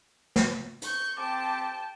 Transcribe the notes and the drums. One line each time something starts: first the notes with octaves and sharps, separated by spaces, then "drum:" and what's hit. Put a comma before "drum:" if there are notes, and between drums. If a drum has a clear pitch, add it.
drum: snare
C#6 G6, drum: hi-hat
C4 G4 G5 A5 D6